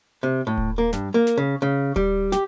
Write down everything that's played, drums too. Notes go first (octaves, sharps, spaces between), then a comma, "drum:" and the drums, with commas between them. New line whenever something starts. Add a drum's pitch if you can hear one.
C3
A2
drum: kick D#1
A#3
G2, drum: snare
A#3
drum: snare
C#3
C#3
G3, drum: kick D#1
G4, drum: snare